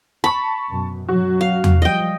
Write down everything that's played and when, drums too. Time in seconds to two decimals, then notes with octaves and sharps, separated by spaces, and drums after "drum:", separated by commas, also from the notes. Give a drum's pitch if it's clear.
0.24 A5 B5 C#6
0.70 F#2 B2
1.09 F#2 F#3 F#4
1.41 F5
1.64 drum: tom E2
1.82 F3 G3 D#5 G5